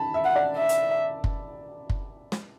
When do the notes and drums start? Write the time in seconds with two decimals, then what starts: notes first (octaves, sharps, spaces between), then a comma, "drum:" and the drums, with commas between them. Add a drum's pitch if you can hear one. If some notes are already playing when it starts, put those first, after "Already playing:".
Already playing: A5 B5
0.14 E5
0.25 F#5
0.36 D5
0.57 E5
0.69 drum: hi-hat
1.24 drum: kick
1.90 drum: kick
2.32 drum: snare